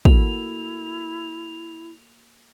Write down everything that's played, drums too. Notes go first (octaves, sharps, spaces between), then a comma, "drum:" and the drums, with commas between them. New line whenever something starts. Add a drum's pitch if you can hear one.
A#3 E4 F#4 A4 F7, drum: kick